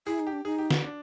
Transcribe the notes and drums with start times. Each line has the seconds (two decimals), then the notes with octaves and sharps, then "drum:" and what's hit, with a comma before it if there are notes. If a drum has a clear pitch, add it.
0.07 E4 G#4
0.20 D#4
0.27 G4
0.32 D4
0.45 D#4 G#4
0.58 G4
0.70 F#4, drum: snare
0.84 D4